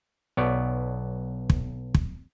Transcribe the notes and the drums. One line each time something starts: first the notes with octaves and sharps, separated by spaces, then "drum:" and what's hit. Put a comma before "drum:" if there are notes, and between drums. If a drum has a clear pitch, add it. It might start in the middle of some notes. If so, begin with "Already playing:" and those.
B1 B3 C#5 D5
drum: kick
drum: kick